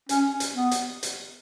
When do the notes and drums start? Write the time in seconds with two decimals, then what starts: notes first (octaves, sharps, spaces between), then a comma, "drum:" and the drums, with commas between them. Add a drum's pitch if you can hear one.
0.09 C#4, drum: hi-hat
0.40 drum: hi-hat
0.56 B3
0.71 drum: hi-hat
1.03 drum: hi-hat